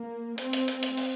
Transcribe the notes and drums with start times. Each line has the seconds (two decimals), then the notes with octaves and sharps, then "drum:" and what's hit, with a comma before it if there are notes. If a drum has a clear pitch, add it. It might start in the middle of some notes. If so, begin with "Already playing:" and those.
Already playing: A#3
0.38 C4, drum: hi-hat
0.53 drum: hi-hat
0.68 drum: hi-hat
0.83 drum: hi-hat
0.97 drum: open hi-hat